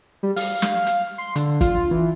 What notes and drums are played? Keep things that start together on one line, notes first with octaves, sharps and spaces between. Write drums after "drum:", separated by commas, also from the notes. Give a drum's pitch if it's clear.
G3
F5, drum: open hi-hat
drum: snare
drum: hi-hat
C6
D3, drum: hi-hat
F4, drum: kick, hi-hat
E3